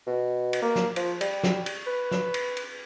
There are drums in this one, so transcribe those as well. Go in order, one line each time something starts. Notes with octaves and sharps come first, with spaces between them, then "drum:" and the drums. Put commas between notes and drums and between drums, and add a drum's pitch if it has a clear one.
B2
drum: cymbal
A#3
drum: snare
F3, drum: cymbal
G3, drum: cymbal
drum: snare
drum: cymbal
B4
drum: snare
drum: cymbal
drum: cymbal